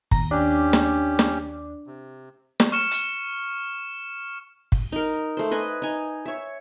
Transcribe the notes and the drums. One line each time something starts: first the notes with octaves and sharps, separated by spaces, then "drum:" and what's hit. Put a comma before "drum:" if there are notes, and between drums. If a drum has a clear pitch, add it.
D#2 A#5, drum: kick
C#4 D4 G4
drum: snare
drum: snare
C3
drum: snare
C#6 F6 C#7 E7
drum: hi-hat
drum: kick
D#4 A#4
A3 C5
B4 D#5 G#5
D#4 G#5
C#5 E5